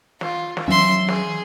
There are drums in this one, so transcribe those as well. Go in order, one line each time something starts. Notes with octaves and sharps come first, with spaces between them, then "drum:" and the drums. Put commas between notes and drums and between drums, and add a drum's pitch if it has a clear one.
F4, drum: snare
drum: snare
E3 F#3 C#4 E5 C6
G#4, drum: snare